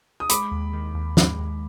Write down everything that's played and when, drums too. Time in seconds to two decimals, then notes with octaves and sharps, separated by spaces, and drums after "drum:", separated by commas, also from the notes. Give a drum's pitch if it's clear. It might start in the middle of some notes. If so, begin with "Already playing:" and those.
0.20 D#6
0.29 G#3 B5 D6, drum: hi-hat
0.51 D#2
0.73 D#3
0.94 D#2
1.17 G#3, drum: snare
1.38 D#2